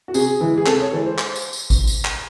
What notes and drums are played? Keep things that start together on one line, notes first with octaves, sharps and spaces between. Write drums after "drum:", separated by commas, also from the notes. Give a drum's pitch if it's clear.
F#4
C3 G#4, drum: tambourine
E3 G#3
G#4
C3 A4, drum: clap
C#5
E3 G#3 A4
C5
drum: clap
drum: tambourine
drum: tambourine
drum: kick G#1, tambourine
drum: tambourine
drum: clap